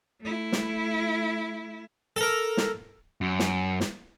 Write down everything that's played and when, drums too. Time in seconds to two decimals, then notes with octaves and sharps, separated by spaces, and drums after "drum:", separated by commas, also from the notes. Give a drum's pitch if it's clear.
0.21 A3 E4
0.52 drum: snare
2.16 A4 A#4
2.57 drum: snare
3.21 F#2
3.39 drum: snare
3.80 drum: snare